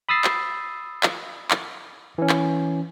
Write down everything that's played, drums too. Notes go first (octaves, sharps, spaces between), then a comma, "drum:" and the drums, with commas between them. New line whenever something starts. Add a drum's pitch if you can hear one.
B5 D#6 E6 A6 C7
drum: clap
drum: clap
drum: clap
E3 C#4
drum: clap